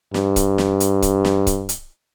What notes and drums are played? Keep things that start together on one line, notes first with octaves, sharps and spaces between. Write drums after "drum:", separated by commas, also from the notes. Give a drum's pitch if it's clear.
G2, drum: snare
drum: kick C#1, hi-hat
drum: snare
drum: hi-hat
drum: kick C#1, hi-hat
drum: snare
drum: kick C#1, hi-hat
drum: hi-hat